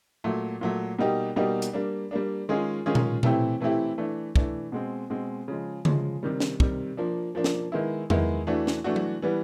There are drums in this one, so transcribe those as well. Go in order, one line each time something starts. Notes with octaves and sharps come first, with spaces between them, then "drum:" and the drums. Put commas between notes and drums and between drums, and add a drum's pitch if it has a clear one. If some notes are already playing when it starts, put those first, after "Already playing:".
A#2 F#3 A3
A#2 F#3 A3
B2 G3 A#3 D#4 G4
B2 G3 A#3 D#4 G4
drum: hi-hat
G3 A#3 D4
G3 A#3 D4
D#3 G#3 C#4 F4 G#4
D#3 G#3 C#4 F4 G#4
drum: tom A#2
E3 A3 C4 E4 G4, drum: tom A#2
E3 A3 C4 E4 G4
E3 A3 D4
E3 A3 D4, drum: kick
B2 G#3 C4
B2 G#3 C4
C#3 F3 G#3
C#3 F3 G#3, drum: tom C#3
C3 D#3 G3
drum: snare
C3 D#3 G3, drum: kick
F3 A#3 D4
F3 A#3 D4
drum: snare
D#3 G#3 B3 E4
D#3 G#3 B3 E4, drum: tom E2
E3 A3 D4 F#4
drum: snare
E3 A3 D4 F#4
drum: tom F#3
E3 G3 B3